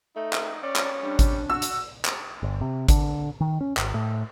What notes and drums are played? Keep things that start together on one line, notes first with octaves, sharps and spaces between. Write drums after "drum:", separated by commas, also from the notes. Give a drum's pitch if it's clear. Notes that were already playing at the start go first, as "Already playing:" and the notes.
A3 D#4
drum: clap
C#4 D5
drum: clap
G3 D4
drum: kick G#1, hi-hat
F#4 E6
drum: hi-hat
drum: clap
G1
C3
D3, drum: kick G#1, hi-hat
D#3
C#4
G#1, drum: clap
A2